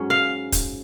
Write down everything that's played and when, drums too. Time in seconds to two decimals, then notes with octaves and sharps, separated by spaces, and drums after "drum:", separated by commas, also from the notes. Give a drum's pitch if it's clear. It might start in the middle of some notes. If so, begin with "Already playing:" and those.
Already playing: G#2 F#3 C#4
0.10 F5
0.52 drum: kick, hi-hat